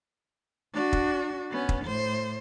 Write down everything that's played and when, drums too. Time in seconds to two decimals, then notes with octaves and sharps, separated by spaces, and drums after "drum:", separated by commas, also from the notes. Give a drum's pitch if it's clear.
0.74 D4 F#4
0.93 drum: kick
1.51 B3 C#4
1.69 drum: kick
1.84 A2 C5